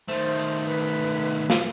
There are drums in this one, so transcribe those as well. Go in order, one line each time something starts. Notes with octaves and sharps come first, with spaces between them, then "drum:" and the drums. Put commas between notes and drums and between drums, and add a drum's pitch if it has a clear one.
D#3 A3 C5
B4
drum: snare